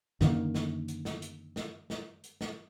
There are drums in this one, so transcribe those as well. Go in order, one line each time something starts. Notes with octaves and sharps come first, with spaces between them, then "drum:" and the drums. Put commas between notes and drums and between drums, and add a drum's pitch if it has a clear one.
F#2 D3 D#3 A#3, drum: snare
drum: snare
drum: hi-hat
drum: snare
drum: hi-hat
drum: snare
drum: snare
drum: hi-hat
drum: snare